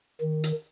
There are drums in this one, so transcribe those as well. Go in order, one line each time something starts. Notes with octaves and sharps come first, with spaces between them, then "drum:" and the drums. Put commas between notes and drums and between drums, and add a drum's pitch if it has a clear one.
D#3
drum: hi-hat